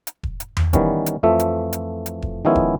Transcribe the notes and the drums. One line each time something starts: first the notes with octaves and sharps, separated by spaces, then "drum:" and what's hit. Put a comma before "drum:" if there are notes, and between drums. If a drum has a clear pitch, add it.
drum: hi-hat
drum: kick E1
drum: hi-hat
drum: tom E2
D#3 E3 G3 B3 C#4, drum: kick E1, hi-hat
drum: hi-hat
F2 E3 F3 A3 E5
drum: hi-hat
drum: hi-hat
drum: hi-hat
drum: kick E1
D#3 F3 G#3 B3 C#4 E4
drum: kick E1